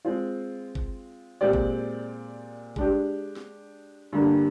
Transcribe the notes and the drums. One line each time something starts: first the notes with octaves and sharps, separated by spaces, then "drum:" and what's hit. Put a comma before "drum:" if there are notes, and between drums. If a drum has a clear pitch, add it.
G#3 C4 F4
drum: kick G1
A#2 G#3 C4 G4 D5
drum: kick G1
G#3 D4 G4, drum: kick G1
drum: snare
G2 D3 G3 A#3